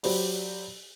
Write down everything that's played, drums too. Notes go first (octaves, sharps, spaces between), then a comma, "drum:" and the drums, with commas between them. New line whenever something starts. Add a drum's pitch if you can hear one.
F#3 G4 C5 D5 B5, drum: open hi-hat